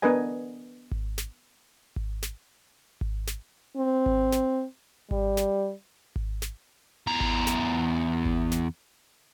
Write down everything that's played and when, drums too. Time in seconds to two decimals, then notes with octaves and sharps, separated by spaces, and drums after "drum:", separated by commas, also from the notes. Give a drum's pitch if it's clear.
0.02 B3 D4 A#4 B4 D#5 G#5
0.91 drum: kick G#1
1.18 drum: snare
1.96 drum: kick G#1
2.23 drum: snare
3.01 drum: kick G#1
3.27 drum: snare
3.76 C4
4.06 drum: kick G#1
4.32 drum: snare
5.11 G3, drum: kick G#1
5.37 drum: snare
6.16 drum: kick G#1
6.42 drum: snare
7.07 E2 A#5
7.21 drum: kick G#1
7.47 drum: snare
8.25 drum: kick G#1
8.52 drum: snare